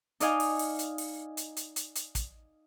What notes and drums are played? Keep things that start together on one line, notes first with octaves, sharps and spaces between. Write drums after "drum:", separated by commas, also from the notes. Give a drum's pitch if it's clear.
D#4 D5 D#5 F5 G#5, drum: hi-hat
drum: open hi-hat
drum: open hi-hat
drum: hi-hat
drum: open hi-hat
drum: hi-hat
drum: hi-hat
drum: hi-hat
drum: hi-hat
drum: kick, hi-hat